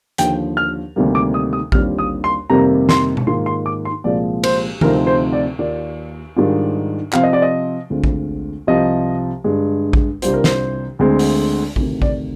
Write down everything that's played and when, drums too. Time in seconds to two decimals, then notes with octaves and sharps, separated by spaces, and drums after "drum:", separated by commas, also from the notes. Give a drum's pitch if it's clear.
0.18 D#2 D3 F3 G5, drum: hi-hat
0.57 F6
0.96 D2 C3 D#3 G3 A#3
1.15 D6
1.34 D#6
1.53 D#6
1.72 D#2 D3 G3 C4 F4 F6, drum: kick A1
1.98 D#6
2.24 C6
2.50 F2 C3 D#3 G3 A#3 A#5
2.89 C6, drum: snare
3.17 drum: tom B2
3.27 G#2 D#3 A#3 F4 C6
3.46 C6
3.66 D6
3.85 C6
4.04 C2 A#2 F3 G#3 D5
4.44 C5, drum: cymbal
4.81 D2 C3 F3 C4 D#4 A#4, drum: tom D#3
5.07 C5
5.32 D5
5.59 D#2 D#3 A#3 F4 D5
6.37 G#2 D#3 G3 D4 F4
7.13 C3 F3 C4 F5, drum: clap
7.23 D#5
7.33 D5
7.42 D#5
7.90 D2 D3 G#3 C4 F4
8.04 drum: kick A1
8.67 C2 C3 F3 D#5
9.44 G2 D3 G#3
9.93 drum: kick A1
10.22 C2 C3 G3 D4 F4 C5, drum: hi-hat
10.33 A#4
10.44 C5, drum: snare
10.99 D2 D3 G#3 C4
11.19 drum: open hi-hat
11.76 D2 C3 D#3, drum: kick A1
12.02 D5, drum: kick A1